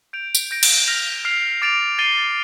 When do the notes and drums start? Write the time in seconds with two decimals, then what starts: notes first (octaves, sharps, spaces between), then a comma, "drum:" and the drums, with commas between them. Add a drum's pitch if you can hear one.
0.13 G6 D7 F7
0.35 drum: tambourine
0.51 G6 A#6 D7
0.63 drum: cymbal
0.88 F6 A#6 F7
1.25 F6 C7 F7
1.62 D6 A6 D7 F7
1.98 A6 C7 D#7 G7